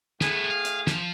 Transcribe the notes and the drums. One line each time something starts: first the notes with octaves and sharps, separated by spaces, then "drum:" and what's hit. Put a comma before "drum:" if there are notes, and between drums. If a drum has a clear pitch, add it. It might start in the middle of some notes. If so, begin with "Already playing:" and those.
A2 A3 B3 G#4, drum: snare
F5
drum: hi-hat
F3, drum: snare